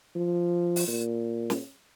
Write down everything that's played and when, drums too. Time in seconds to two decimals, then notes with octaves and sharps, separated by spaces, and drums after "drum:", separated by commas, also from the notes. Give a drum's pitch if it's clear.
0.15 F3
0.76 drum: open hi-hat
0.88 A#2
1.50 drum: snare